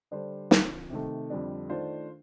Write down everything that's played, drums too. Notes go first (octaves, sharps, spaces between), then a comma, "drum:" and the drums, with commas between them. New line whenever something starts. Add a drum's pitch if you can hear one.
D3 G3 D4 A4 C5
D3 F3 C4, drum: snare
C3 D#3 A3
F2 D3 G3 D4
D#3 A3 D4 F4 C5